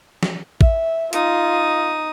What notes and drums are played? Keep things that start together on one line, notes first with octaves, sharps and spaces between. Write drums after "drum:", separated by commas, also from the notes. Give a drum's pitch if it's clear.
drum: snare
E5, drum: kick A1
D#4 F4 D#6, drum: hi-hat